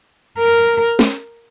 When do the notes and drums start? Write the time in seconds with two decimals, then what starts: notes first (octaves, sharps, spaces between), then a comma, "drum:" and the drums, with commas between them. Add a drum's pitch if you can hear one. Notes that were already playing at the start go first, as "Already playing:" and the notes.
0.38 A#4
0.99 drum: snare